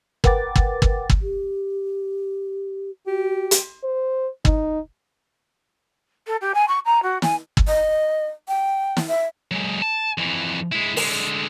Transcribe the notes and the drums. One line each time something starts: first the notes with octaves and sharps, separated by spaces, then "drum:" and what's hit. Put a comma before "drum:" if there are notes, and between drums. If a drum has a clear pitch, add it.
A#4 B4 F#5 G5 D6 A6, drum: kick
drum: kick
drum: kick
drum: kick
G4
F#4 G4
drum: hi-hat
C5
D#4, drum: kick
A4
G4
G#5
C#6
A#5
F#4
G#5, drum: snare
drum: kick
D#5
G5
drum: snare
E5
F#3 G#3
A5
F2 E3
G#3 E4
D3 G#3, drum: open hi-hat